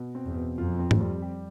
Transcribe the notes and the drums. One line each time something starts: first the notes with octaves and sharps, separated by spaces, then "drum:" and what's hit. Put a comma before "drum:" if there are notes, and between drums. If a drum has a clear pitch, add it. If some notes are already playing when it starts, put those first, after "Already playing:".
Already playing: B2
C4
E2
B2
F2 F4
C4
drum: tom
G3
G4